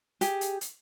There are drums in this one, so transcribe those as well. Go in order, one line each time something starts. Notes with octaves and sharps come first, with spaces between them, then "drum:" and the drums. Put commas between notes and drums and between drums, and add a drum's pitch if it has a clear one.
G4 G#4, drum: hi-hat
drum: hi-hat
drum: hi-hat